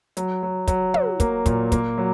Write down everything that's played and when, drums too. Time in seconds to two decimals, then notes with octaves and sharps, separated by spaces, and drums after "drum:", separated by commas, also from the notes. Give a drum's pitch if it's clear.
0.17 F#3, drum: hi-hat
0.43 F#3
0.68 F#3, drum: kick, hi-hat
0.94 F#3, drum: tom
1.20 A#3, drum: kick, hi-hat
1.46 A#2, drum: kick, hi-hat
1.72 A#3, drum: kick, hi-hat
1.98 F#3